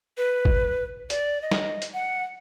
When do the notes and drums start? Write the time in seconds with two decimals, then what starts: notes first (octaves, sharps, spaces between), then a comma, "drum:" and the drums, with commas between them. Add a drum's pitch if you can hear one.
0.18 B4
0.45 drum: kick
1.10 D5, drum: hi-hat
1.42 D#5
1.51 drum: snare
1.82 drum: hi-hat
1.94 F#5